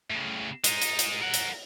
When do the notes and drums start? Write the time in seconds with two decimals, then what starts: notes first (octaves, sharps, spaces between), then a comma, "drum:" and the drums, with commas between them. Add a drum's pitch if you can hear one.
0.10 A2 C#3
0.64 G#3 D#4, drum: hi-hat
0.82 drum: hi-hat
0.99 drum: hi-hat
1.22 A#4 F#5
1.34 drum: hi-hat